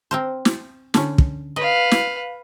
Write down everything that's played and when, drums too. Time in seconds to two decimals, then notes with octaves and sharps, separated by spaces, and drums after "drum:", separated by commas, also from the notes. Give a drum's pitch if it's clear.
0.11 C4 A#4 C5
0.45 drum: snare
0.94 D3 C#4, drum: snare
1.18 drum: kick
1.56 B4 D#5 F5
1.91 drum: snare